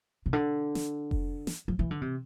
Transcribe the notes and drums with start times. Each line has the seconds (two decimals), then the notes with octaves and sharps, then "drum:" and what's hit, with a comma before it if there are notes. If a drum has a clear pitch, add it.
0.26 C3
0.33 D3
0.75 drum: snare
1.11 drum: kick F1
1.47 drum: snare
1.68 F3
1.79 E3
1.91 D3
2.02 C3